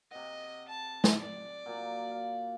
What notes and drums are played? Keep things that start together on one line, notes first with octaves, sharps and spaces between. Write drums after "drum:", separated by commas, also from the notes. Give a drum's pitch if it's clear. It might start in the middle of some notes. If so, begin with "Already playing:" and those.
C3 D#5 F#5
A5
drum: snare
D5
A#2 F#3
F5